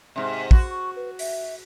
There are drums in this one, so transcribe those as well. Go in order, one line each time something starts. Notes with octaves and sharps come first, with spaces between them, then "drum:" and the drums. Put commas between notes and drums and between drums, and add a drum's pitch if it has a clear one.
G#2 C3 E5
F#4 C6, drum: kick
C#6
B4
E5, drum: open hi-hat